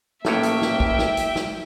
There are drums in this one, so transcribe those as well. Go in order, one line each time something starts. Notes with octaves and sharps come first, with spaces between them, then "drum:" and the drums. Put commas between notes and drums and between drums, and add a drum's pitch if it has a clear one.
A1 A2 A#3 C#5 E5 G5, drum: snare
drum: hi-hat
drum: snare
drum: kick
drum: snare
drum: hi-hat
drum: snare